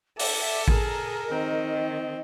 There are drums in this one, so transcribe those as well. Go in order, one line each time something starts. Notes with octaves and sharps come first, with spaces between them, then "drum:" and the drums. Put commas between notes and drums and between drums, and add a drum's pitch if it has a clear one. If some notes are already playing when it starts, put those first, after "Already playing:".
A4 E5 D6, drum: open hi-hat
G#4 A#4, drum: kick A1
D#3 C4 D#5